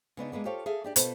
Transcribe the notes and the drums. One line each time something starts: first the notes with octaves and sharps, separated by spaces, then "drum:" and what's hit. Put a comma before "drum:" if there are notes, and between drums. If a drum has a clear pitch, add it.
C#3 B3 D4 D#4
G#3 A#3 B3 D4
F4 G4 A4 C5 C#5 F5
G#4 A4 E5 F5
D4 G4 D5
B2 B3 F4 A4 B4 C5, drum: hi-hat